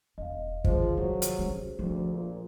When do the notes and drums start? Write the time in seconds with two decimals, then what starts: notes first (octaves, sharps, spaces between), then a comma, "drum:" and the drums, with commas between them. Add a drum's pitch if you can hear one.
0.18 E1 D#5 F5
0.64 D3 D#3 F3 G#4 C5, drum: kick
0.97 C3 D#3 F#3
1.22 drum: hi-hat
1.38 C3 C#4
1.79 D2 F3
2.13 A#2